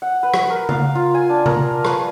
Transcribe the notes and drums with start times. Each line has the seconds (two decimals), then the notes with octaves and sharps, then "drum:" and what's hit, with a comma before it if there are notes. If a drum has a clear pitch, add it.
0.02 F#5
0.23 B4
0.34 drum: rim click
0.50 A#4
0.69 F5, drum: tom C#3
0.95 F4
1.14 G#5
1.30 D4
1.46 A#4, drum: tom C3
1.85 B4, drum: rim click